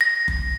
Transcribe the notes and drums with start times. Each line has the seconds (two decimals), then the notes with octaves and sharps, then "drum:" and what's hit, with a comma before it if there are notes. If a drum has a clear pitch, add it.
0.01 A#6
0.28 drum: kick F#1